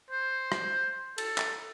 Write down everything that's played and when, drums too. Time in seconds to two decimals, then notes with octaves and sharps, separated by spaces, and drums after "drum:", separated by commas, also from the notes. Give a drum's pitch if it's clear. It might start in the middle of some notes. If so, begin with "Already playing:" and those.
0.11 C5
0.52 drum: rim click
1.18 A4, drum: cymbal
1.38 drum: clap